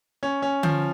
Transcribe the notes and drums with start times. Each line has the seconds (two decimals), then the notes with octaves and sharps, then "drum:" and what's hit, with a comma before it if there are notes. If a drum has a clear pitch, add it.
0.23 C#4
0.42 C#4
0.63 F3, drum: tom D3